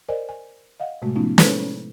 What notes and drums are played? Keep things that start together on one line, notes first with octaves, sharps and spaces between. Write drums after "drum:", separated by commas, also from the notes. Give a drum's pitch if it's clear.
A#4 C5 D5 D#5 G#5
G#5
D#5 F5 F#5
A2 C3 G#3 A3 F#4
F3 A3 B3 C#4 D#4 F4
G#3 E4 A4 B4 C5, drum: snare